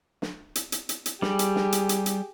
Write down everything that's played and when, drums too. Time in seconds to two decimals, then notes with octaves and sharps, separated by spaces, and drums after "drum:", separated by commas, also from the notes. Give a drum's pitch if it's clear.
0.22 drum: snare
0.55 drum: hi-hat
0.72 drum: hi-hat
0.89 drum: hi-hat
1.06 drum: hi-hat
1.22 G3 G4 G#4, drum: snare
1.39 drum: hi-hat
1.56 drum: snare
1.72 drum: hi-hat
1.89 drum: hi-hat
2.06 drum: hi-hat